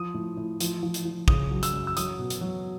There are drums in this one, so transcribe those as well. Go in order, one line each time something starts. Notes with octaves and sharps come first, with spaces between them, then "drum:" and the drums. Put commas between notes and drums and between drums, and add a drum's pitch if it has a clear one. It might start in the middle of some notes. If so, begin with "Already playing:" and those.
Already playing: F3 D#6
A2
A2
F3, drum: hi-hat
F3
drum: hi-hat
F3
C#3 D#6, drum: kick
F#3
E6, drum: hi-hat
F#2
E6
F#3 D#6, drum: hi-hat
B2
drum: hi-hat
F#3